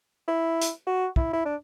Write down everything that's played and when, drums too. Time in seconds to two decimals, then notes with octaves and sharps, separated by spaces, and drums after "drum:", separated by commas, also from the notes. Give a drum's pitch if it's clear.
0.28 E4
0.61 drum: hi-hat
0.87 F#4
1.16 E4, drum: kick
1.33 E4
1.46 D4